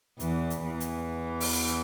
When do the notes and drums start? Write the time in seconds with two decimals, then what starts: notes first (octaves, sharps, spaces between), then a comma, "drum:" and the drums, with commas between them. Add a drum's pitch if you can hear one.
0.20 E2 E3, drum: hi-hat
0.50 drum: hi-hat
0.65 E2 E3
0.80 drum: hi-hat
1.40 drum: open hi-hat